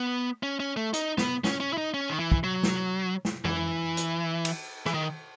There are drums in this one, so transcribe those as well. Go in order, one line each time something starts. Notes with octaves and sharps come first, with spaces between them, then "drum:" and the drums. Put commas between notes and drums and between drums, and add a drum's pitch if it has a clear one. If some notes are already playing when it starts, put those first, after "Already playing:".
Already playing: B3
C#4
C#4
A3
D#4, drum: hi-hat
B3, drum: snare
C#4, drum: snare
C#4
E4
D#4
C#4
D#3
E3
drum: kick
F#3
drum: snare
drum: snare
E3, drum: tom F2
drum: hi-hat
drum: cymbal
E3, drum: rim click
D#3